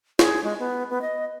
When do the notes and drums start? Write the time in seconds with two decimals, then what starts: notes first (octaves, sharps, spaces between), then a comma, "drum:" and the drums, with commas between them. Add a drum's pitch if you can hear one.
0.19 G#4, drum: snare
0.44 G#3
0.59 B3
0.90 B3
1.02 D#5